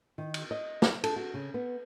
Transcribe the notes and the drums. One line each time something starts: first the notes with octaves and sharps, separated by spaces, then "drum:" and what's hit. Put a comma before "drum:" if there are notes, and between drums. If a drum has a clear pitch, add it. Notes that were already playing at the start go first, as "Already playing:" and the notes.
D#3
drum: cymbal
D#5
drum: snare
A4, drum: cymbal
F#4
C#3
B3